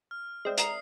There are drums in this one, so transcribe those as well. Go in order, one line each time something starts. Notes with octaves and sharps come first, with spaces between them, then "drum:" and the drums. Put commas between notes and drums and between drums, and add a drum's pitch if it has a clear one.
F6
G#3 C4 D5 E5
A#5 D#6 C7, drum: hi-hat